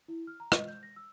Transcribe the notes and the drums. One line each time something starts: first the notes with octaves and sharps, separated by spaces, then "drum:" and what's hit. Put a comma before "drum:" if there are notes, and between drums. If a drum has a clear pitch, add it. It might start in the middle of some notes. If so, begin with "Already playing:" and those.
E4
F6
A#5
D#5, drum: rim click
G6
A#6
E6